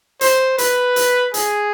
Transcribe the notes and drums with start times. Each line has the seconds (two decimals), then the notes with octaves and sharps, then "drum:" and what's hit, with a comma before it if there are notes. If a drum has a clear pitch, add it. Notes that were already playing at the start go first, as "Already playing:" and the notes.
0.21 C5, drum: hi-hat
0.58 B4, drum: hi-hat
0.96 drum: hi-hat
1.34 G#4, drum: hi-hat